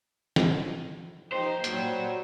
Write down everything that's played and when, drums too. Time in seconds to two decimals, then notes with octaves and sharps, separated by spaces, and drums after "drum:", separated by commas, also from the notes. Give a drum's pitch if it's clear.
0.36 drum: snare
1.32 F3 D#4 G4 C5
1.64 A#2 F#3 G3, drum: hi-hat